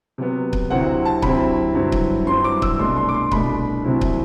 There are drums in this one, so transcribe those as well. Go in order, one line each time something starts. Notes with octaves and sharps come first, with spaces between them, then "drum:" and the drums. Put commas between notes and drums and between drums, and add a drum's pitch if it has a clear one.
C3 F#3 B3
drum: kick C#1
D2 C3 F#3 C4 E4 F#5
A5
D2 C3 F#3 C4 E4 B5, drum: kick C#1
G2 F#3 C4 E4
drum: kick C#1
G2 F#3 C4 E4 C6
D6
E6, drum: kick C#1
C2 B2 A3 D4 C6
C6
D6
C6
C2 B2 A3 D4 B5, drum: kick C#1
C2 C3 F#3 C4 E4
drum: kick C#1